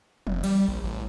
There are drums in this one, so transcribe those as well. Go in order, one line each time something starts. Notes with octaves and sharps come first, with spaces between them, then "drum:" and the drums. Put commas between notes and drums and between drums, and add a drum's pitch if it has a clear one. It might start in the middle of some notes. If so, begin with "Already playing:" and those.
F1, drum: tom
G3, drum: cymbal
A#1
A1